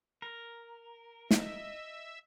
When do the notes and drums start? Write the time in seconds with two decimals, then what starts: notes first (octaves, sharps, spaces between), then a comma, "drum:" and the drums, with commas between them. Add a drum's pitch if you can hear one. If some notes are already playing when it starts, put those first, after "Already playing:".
0.22 A#4
1.31 D#5 E5, drum: snare